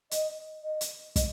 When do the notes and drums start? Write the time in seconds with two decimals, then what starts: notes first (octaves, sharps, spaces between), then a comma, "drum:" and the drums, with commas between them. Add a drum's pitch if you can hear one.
0.11 D#5, drum: hi-hat
0.63 D#5
0.81 drum: hi-hat
1.16 D#5, drum: kick, hi-hat